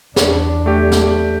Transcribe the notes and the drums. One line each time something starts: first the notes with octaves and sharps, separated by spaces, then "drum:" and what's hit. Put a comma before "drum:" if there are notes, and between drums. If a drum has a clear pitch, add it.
E2 D4, drum: snare
A3 G4
drum: snare